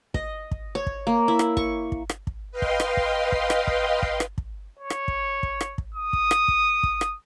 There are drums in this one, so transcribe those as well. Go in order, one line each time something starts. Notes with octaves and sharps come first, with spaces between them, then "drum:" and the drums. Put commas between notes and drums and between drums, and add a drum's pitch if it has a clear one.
D#5, drum: kick
drum: kick
C#5
drum: kick
A#3
E4
drum: rim click
C#6, drum: kick
drum: kick
drum: rim click
drum: kick
B4 D#5 F5 G5 C6
drum: kick
drum: rim click
drum: kick
drum: kick
drum: rim click
drum: kick
drum: kick
drum: rim click
drum: kick
C#5
drum: rim click
drum: kick
drum: kick
drum: rim click
drum: kick
D#6
drum: kick
drum: rim click
drum: kick
drum: kick
drum: rim click